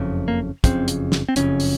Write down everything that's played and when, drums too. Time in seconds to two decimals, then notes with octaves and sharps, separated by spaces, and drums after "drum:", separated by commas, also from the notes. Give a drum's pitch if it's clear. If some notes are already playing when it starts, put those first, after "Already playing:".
Already playing: F#1 F2 C#3
0.28 A#3
0.64 F#1 F2 C#3 C4, drum: kick, hi-hat
0.88 drum: hi-hat
1.12 drum: snare
1.29 C4
1.36 F#1 F2 C#3 C#4, drum: hi-hat
1.60 drum: open hi-hat